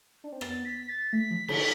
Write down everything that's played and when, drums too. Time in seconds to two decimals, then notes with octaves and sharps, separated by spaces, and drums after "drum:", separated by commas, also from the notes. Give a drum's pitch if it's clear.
0.24 D4
0.32 C4
0.41 B3 A6, drum: rim click
0.65 B6
0.89 A6
1.13 A3 B6
1.31 F3
1.48 D3, drum: cymbal